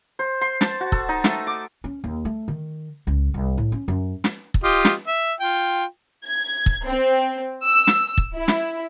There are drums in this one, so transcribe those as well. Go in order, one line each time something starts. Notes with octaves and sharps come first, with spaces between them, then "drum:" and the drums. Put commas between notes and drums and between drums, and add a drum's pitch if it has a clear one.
C5
C6
A5, drum: snare
F#4
A4, drum: kick
D#4
A3, drum: snare
D6
C#4
D#2
A3
D#3
C#2
C2
A2
C#4
F#2
drum: snare
drum: kick
F4 G4 D#5
drum: snare
E5
F4 G5
G#6
drum: kick
C4
E6
drum: snare
drum: kick
E4
drum: snare